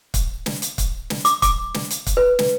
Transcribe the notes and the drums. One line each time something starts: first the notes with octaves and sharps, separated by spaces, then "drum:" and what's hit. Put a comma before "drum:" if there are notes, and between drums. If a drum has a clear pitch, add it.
drum: kick, hi-hat
drum: snare
drum: hi-hat
drum: kick, hi-hat
drum: snare
D6, drum: hi-hat
D6, drum: kick, hi-hat
drum: snare
drum: hi-hat
drum: kick, hi-hat
B4
drum: snare